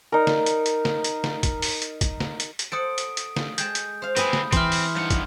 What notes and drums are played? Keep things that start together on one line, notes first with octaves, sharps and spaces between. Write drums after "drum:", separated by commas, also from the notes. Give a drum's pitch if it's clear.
D#4 A#4
drum: snare
drum: hi-hat
drum: hi-hat
drum: snare
drum: hi-hat
drum: snare
drum: kick, hi-hat
drum: open hi-hat
drum: hi-hat
drum: kick, hi-hat
drum: snare
drum: hi-hat
drum: hi-hat
A4 C5 F#5 D#6 D7
drum: hi-hat
drum: hi-hat
drum: snare
G#3 G5 A5 G6, drum: hi-hat
drum: hi-hat
C5 F5
C4 E4 B4 E5 G#5 B5 D#6, drum: hi-hat
drum: snare
E3 C4 E4 C6 F6, drum: kick, hi-hat
drum: open hi-hat
G2 D#4 F#5
drum: kick, hi-hat